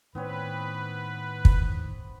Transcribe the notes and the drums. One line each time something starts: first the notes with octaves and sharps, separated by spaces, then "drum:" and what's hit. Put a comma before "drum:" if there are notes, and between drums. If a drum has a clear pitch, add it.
A2 D#3 B3 C4 B4 C#5
drum: kick